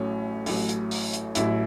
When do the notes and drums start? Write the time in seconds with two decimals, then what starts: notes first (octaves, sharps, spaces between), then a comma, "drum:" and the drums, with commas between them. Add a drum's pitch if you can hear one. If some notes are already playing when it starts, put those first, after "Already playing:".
Already playing: A1 A2 F#3 C#4
0.46 A1 A2 F#3, drum: open hi-hat
0.69 drum: hi-hat
0.91 drum: open hi-hat
1.13 drum: hi-hat
1.35 A1 A2 F#3 E4, drum: hi-hat